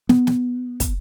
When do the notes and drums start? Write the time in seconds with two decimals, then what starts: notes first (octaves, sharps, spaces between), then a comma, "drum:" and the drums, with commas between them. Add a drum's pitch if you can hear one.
0.09 B3, drum: snare
0.27 drum: snare
0.80 drum: kick, hi-hat